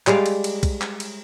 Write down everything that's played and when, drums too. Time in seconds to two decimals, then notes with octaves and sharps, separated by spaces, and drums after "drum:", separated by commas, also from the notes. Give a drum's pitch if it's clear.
0.07 G3 G#3 D5 F5, drum: clap
0.26 drum: cymbal
0.44 drum: cymbal
0.63 drum: kick B1, cymbal
0.81 drum: clap
1.00 drum: cymbal